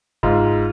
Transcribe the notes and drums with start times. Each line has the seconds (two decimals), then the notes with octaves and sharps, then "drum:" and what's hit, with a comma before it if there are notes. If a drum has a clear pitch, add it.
0.23 G#2 F4, drum: kick F#1